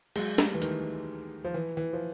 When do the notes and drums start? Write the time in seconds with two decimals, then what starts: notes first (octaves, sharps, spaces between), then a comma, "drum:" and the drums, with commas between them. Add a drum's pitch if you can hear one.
0.16 F#3 G#3, drum: cymbal
0.38 G3 A3, drum: snare
0.54 E3
0.62 D#3, drum: hi-hat
1.44 F3
1.54 E3
1.77 E3
1.93 F3